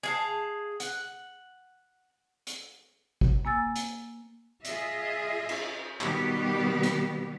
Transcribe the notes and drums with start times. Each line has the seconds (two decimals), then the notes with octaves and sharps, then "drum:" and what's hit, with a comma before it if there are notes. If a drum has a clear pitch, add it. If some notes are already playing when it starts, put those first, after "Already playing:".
0.03 G#4 F5 A5
0.80 F#5, drum: hi-hat
2.47 drum: hi-hat
3.21 drum: kick
3.45 A#3 G#5 E6 A6
3.76 drum: hi-hat
4.65 F4 G#4 D#5 E5, drum: hi-hat
5.49 drum: cymbal
6.01 B2 D#3 G3 B3 G4, drum: clap
6.83 drum: hi-hat